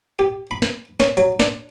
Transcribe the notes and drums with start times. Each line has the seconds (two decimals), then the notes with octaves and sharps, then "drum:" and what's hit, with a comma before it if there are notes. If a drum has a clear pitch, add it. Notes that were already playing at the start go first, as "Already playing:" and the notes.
0.19 G4
0.51 B5
0.62 drum: snare
1.00 C#4, drum: snare
1.17 F#3, drum: hi-hat
1.40 D4, drum: snare